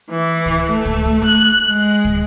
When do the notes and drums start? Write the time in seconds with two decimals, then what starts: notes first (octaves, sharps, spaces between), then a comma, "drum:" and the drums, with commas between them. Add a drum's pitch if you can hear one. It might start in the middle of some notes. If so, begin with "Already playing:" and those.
0.10 E3
0.46 drum: kick
0.70 A3
0.85 drum: kick
1.05 drum: kick
1.25 F#6
1.68 G#3
2.05 drum: kick